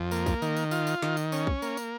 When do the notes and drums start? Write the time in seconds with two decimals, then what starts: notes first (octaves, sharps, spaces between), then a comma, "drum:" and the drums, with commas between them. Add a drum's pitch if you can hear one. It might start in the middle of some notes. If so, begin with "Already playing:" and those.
Already playing: F2
0.11 A#3, drum: tambourine
0.26 drum: kick B1, tambourine
0.42 D#3, drum: tambourine
0.57 drum: tambourine
0.71 F4, drum: tambourine
0.87 drum: tambourine
1.02 D#3, drum: snare
1.17 drum: tambourine
1.32 C#4, drum: tambourine
1.47 drum: kick B1
1.62 A#3, drum: tambourine
1.77 drum: tambourine